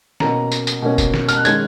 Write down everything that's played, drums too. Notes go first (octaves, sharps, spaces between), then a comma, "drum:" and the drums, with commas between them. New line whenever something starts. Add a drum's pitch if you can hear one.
B2 A#3 C#4 A#5, drum: snare
drum: tambourine
drum: tambourine
B2 A#3 C#4
drum: kick, tambourine
drum: snare
F6, drum: tambourine
F#6
D#3 G#3 C#4 G#6, drum: tambourine